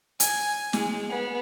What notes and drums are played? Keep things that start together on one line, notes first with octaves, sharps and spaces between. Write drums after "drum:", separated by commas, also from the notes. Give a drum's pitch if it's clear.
G#5, drum: hi-hat
G#3, drum: snare
B3